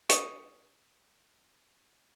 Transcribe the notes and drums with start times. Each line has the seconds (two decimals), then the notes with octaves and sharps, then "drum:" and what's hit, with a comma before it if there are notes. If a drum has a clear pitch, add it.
0.09 C#6 D#6, drum: hi-hat